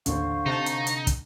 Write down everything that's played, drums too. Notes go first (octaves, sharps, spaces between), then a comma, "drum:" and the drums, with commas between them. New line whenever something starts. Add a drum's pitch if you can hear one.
A1 D#2 D3 C5 F5 C#6, drum: hi-hat
C3 D#4 A5
drum: hi-hat
drum: hi-hat
drum: kick, hi-hat